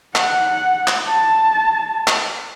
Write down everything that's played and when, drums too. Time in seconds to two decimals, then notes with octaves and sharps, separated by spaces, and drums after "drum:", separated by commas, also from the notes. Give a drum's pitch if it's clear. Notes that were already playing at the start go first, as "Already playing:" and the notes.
0.15 F#5, drum: clap
0.87 drum: clap
1.08 A5
2.07 drum: clap